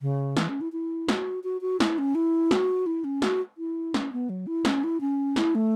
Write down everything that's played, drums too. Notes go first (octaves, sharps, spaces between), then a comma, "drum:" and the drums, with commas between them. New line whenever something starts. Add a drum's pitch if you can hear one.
C#3
E3, drum: snare
C#4
E4
E4
F#4, drum: snare
F#4
F#4
E4, drum: snare
C#4
E4
F#4, drum: snare
E4
C#4
F#4, drum: snare
E4
C#4, drum: snare
B3
F#3
E4
C#4, drum: snare
E4
C#4
E4, drum: snare
A3